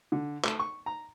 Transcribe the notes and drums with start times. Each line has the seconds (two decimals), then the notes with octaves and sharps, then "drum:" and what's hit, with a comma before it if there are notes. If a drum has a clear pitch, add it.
0.12 D3
0.44 A3, drum: clap
0.59 C#6
0.86 A#5